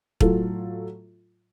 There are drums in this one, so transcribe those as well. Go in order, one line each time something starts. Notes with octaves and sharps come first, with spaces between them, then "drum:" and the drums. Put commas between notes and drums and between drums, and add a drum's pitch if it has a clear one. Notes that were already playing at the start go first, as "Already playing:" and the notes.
A2 F#3 A3 F4 A4, drum: kick